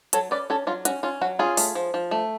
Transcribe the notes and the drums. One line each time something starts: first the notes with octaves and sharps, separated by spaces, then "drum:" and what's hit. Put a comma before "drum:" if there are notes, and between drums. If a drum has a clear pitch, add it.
F#3 A4 C#5, drum: hi-hat
C#4 B4 D5
C#4 A4 C#5
F#3 F4
C#4 F#4, drum: hi-hat
C#4 F4
F#3 F#4
C#4 F4 G#4
A3, drum: open hi-hat
F3
F3
A3